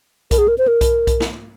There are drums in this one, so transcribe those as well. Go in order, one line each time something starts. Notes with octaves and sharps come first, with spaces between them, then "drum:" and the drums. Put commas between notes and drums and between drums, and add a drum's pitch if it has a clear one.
A#4, drum: kick B1, hi-hat
G#4
A#4
C5
A#4
drum: kick B1, hi-hat
drum: kick B1, hi-hat
drum: snare